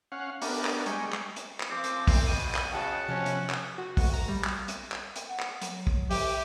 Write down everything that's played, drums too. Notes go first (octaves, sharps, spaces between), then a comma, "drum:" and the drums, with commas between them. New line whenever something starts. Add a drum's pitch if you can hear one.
C#4 F5 F#5
B3 D4 G4 A#4, drum: open hi-hat
drum: clap
G3 G#3 D#5 G5 G#5 C#6, drum: hi-hat
drum: clap
drum: hi-hat
drum: clap
F3 C4 D6
drum: hi-hat
drum: kick, open hi-hat
B2 D#7
drum: clap
C#3 F#4 D#5 F#5 G5 A5
C3 F3 C#4
drum: hi-hat
drum: clap
F#4
drum: kick, open hi-hat
A#5
G3
drum: clap
drum: hi-hat
drum: clap
drum: hi-hat
F#5
drum: clap
F#3, drum: hi-hat
drum: kick
G4 E5, drum: open hi-hat